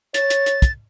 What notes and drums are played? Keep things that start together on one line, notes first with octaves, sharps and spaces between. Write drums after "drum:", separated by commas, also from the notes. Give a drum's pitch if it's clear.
C#5 A6, drum: hi-hat
drum: hi-hat
drum: hi-hat
drum: kick, hi-hat